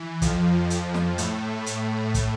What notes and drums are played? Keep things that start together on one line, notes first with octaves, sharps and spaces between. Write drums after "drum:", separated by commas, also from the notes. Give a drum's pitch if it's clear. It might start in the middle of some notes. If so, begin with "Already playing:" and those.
Already playing: E3
F2 F3, drum: kick, hi-hat
F2 F3, drum: hi-hat
drum: snare
A2 A3, drum: hi-hat
drum: hi-hat
drum: kick, hi-hat